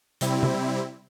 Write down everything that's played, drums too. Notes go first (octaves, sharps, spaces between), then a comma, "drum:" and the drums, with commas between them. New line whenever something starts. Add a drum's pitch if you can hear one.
C3 G3 C4 E4, drum: hi-hat
drum: tom C3